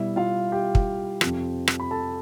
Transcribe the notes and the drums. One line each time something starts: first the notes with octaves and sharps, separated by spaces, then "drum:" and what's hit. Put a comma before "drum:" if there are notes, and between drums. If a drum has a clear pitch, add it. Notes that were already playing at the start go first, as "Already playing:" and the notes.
Already playing: B2 G3 E4 E5
F4 F5
G4 G5
drum: kick
F2 C3 F3, drum: rim click
drum: rim click
B5
A4 A5